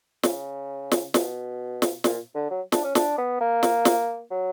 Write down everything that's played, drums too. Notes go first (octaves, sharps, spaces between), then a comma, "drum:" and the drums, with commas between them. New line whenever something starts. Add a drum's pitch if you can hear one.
C#3, drum: snare
drum: snare
B2, drum: snare
drum: snare
A#2, drum: snare
D3
F#3
D4, drum: snare
C#4
D4, drum: snare
B3
A#3
drum: snare
drum: snare
F#3